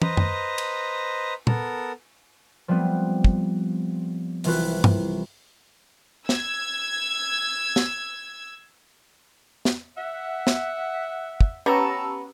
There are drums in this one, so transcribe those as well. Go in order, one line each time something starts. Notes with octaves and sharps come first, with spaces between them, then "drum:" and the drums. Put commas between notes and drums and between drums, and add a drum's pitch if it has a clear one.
B4 C5 D#5 A#5, drum: tom
drum: tom F#2
drum: cymbal
B3 A4 A#4, drum: tom
F3 G3 A3 B3 C4
drum: kick
C2 E3 F4 F#4 B4, drum: open hi-hat
drum: tom
E6 G#6, drum: snare
drum: snare
drum: snare
E5 F#5
drum: snare
drum: kick
B3 C#4 G4 A5 A#5 C#6 E6